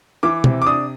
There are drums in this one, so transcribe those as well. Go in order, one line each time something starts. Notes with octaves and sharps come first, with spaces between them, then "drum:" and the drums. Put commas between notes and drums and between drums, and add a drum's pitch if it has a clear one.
E3 D6
C3, drum: tom
D6
D4 D#6